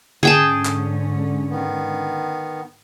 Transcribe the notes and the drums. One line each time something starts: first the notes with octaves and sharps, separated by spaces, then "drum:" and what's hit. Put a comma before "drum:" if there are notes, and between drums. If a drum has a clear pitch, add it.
G#2 D3 C#4 G#4 G5 A5, drum: tom D3
drum: clap
D#3 B3